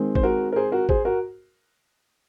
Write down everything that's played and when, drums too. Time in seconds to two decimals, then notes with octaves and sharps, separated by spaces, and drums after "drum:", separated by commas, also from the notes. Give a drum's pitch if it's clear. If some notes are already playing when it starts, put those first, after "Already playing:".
Already playing: D#3 G#3 C4
0.15 C5, drum: kick
0.23 F#4 A#4
0.52 A#4
0.56 G#4 C5
0.72 F#4 A#4
0.89 G#4 C5, drum: kick
1.05 F#4 A#4